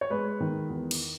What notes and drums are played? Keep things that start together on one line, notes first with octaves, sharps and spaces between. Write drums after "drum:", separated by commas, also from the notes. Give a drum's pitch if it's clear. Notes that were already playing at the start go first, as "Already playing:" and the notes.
C#5
G#3 B4
D#3
E2
drum: cymbal